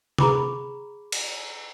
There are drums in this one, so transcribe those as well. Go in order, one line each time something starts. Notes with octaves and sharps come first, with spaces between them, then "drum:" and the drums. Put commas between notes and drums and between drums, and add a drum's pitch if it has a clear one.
G#4 A#5 B5 C#6 D6, drum: tom C3
drum: cymbal